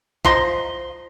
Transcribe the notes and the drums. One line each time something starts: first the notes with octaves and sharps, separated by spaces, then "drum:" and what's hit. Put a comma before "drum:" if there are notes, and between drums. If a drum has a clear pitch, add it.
F3 D#5 A#5 C6, drum: kick A#1